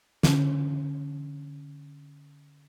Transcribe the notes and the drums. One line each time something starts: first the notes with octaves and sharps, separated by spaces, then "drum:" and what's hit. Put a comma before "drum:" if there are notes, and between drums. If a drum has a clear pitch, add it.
D3 C#4, drum: snare